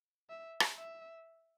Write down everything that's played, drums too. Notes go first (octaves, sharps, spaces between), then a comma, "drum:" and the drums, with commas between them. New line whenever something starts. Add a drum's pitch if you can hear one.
E5
drum: rim click
E5